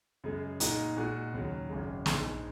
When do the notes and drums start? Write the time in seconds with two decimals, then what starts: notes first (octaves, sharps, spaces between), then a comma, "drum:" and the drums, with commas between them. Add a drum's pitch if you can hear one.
0.24 F#2 C#3 G#3
0.60 A#2 G#3 D#4 F#4, drum: hi-hat
0.97 A#2 G#3 F#4
1.33 D#2 C#3 F#3
1.70 G#1 F#2 C#3 G#3
2.06 A#1 G#2 G#3, drum: snare